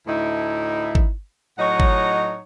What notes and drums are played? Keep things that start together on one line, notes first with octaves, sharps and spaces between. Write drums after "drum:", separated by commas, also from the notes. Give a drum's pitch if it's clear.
D2 A2 D#4 E4
drum: kick
A2 F#3 D#4 C#5 D#5 F#5
drum: kick